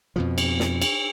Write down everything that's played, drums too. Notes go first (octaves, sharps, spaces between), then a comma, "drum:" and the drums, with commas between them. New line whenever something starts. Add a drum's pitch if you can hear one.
F2 B2 F3
drum: cymbal
drum: snare
drum: cymbal